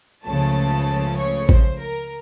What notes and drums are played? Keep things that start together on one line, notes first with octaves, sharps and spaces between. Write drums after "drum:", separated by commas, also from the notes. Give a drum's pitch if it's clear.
C#2 C#3 F3 A3 C#4 A5
C#5
C5, drum: kick A1
A#4